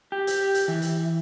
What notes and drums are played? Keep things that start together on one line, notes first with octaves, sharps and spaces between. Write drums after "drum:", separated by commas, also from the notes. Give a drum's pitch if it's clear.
G4
drum: hi-hat
drum: hi-hat
E3
drum: hi-hat